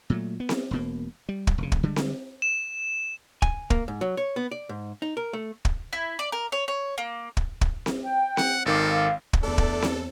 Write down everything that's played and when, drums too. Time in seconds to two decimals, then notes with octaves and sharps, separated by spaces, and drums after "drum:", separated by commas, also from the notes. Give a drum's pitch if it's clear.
0.10 A#2 F#3 A3
0.40 B3
0.49 drum: snare C4
0.71 E1 B2 A#3
1.29 G3
1.47 drum: kick
1.58 F1 C#3
1.72 drum: kick
1.83 D3 G3 G#3
1.96 drum: snare C4
2.42 E7
3.42 G#5, drum: kick
3.70 A#3, drum: kick
3.88 G#2
4.01 F#3
4.17 C#5
4.36 B3
4.51 D5
4.69 G#2
5.02 D#4
5.17 A#4
5.33 A3
5.65 drum: kick
5.93 E4
6.19 D5
6.32 A#4
6.52 C#5
6.68 C#5
6.98 A#3
7.37 drum: kick
7.61 drum: kick
7.86 drum: snare C4
8.02 G5
8.37 F#5, drum: snare C4
8.66 G#1 D#3 A4 F5 D6
9.33 drum: kick
9.43 E2 A3 D4 A4
9.58 drum: kick
9.82 drum: snare C4